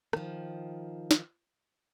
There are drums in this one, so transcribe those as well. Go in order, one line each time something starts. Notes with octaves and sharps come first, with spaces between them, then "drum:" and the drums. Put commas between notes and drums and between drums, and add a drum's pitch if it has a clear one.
D#3 F3, drum: rim click
drum: snare